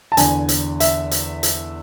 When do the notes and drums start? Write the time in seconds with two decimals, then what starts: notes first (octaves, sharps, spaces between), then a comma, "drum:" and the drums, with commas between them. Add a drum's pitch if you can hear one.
0.12 A5
0.17 E2 D3 G#5, drum: hi-hat
0.49 drum: hi-hat
0.80 E5, drum: hi-hat
1.11 drum: hi-hat
1.43 drum: hi-hat